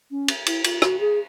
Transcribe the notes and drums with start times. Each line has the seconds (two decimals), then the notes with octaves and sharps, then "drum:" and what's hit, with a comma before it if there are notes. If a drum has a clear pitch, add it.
0.11 C#4
0.28 drum: cymbal
0.46 E4, drum: cymbal
0.64 F4, drum: cymbal
0.82 F#4, drum: rim click
1.00 G#4